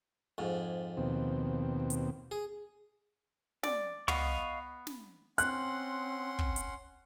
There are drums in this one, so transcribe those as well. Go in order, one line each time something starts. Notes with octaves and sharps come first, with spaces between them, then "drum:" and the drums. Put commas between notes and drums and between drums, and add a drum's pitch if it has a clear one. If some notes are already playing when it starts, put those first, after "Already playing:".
F2 G#2
D#2 B2 C4
drum: hi-hat
G#4
D5, drum: snare
B3 D#5 F5 C#6, drum: tom
drum: snare
C4 C#4 F#5 C6 F#6, drum: hi-hat
drum: kick
drum: hi-hat